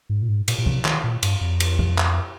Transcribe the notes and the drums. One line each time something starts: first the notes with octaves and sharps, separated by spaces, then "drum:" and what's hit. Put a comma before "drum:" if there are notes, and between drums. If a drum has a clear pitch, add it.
G#2
A#2
G#2
A#2, drum: cymbal
A#2
C3, drum: kick
D#3, drum: clap
A#2
G2, drum: cymbal
F2
drum: cymbal
drum: kick
drum: clap